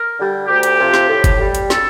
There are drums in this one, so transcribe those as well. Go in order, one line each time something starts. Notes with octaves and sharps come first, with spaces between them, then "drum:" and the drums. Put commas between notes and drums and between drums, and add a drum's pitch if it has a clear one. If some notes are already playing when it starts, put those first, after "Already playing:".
Already playing: A#4
D3 G3
D2 G4
drum: hi-hat
C3 F3
drum: snare
A2
drum: kick G1, hi-hat
G3
drum: hi-hat
A4, drum: snare